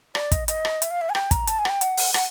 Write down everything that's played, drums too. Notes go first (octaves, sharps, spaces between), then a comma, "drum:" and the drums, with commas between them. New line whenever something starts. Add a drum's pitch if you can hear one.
D5, drum: rim click
D#5, drum: kick, hi-hat
D#5, drum: hi-hat
drum: rim click
E5, drum: hi-hat
F5
E5
G#5
G5, drum: rim click
A#5, drum: kick, hi-hat
A5, drum: hi-hat
G#5
F#5, drum: rim click
G5
F#5, drum: hi-hat
drum: open hi-hat
F#5, drum: rim click